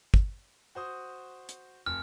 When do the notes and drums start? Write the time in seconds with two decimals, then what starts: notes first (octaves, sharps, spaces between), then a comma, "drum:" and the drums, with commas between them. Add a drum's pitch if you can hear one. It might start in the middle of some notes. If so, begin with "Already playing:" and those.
0.14 drum: kick
0.75 F#4 C5 D#6
1.49 drum: hi-hat
1.86 F1 F6